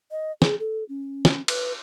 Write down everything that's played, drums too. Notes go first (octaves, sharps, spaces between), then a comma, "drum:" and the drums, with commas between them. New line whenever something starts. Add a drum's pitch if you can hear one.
D#5
G#4, drum: snare
A4
C#4
drum: snare
B4, drum: cymbal